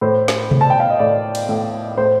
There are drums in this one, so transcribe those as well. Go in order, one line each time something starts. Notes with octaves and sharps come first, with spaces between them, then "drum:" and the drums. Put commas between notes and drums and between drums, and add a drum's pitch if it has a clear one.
A2 C5
drum: snare
A2, drum: tom B2
A5
G5
F5
D#5
A2 D5
drum: cymbal
A2
A2 C5